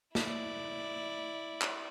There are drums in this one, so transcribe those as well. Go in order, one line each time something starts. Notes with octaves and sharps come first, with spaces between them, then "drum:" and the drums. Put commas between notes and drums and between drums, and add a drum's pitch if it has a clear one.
E4 D5, drum: snare
drum: clap